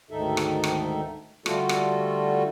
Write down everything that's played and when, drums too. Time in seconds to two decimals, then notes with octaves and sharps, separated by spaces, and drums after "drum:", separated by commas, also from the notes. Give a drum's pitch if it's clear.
0.11 D2 G#2 D#3 D#4 A4 E5
0.37 drum: rim click
0.64 drum: rim click
1.46 D3 G3 A3 F4 F#4 A4, drum: rim click
1.69 drum: rim click